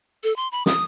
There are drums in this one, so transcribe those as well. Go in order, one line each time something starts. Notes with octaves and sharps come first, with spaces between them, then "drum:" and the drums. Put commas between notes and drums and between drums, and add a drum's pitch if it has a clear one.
A4
C6
B5
D#6, drum: snare